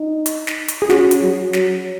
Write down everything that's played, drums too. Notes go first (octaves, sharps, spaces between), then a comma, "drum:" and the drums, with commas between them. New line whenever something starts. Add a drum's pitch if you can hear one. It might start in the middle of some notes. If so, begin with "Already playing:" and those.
Already playing: D#4
drum: hi-hat
drum: snare
drum: hi-hat
G#4
C#4 F#4, drum: snare
drum: hi-hat
F#3
F#3, drum: snare